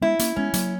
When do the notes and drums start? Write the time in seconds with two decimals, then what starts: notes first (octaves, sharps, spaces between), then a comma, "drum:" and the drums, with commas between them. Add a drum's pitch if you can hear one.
0.02 G#3 B3 E4
0.19 A#3 C#4, drum: hi-hat
0.36 G#3 B3 C#4
0.53 F#3 A#3, drum: hi-hat